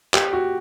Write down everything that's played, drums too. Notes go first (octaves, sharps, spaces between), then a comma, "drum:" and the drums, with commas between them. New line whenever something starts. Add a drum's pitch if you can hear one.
G4, drum: clap
F#4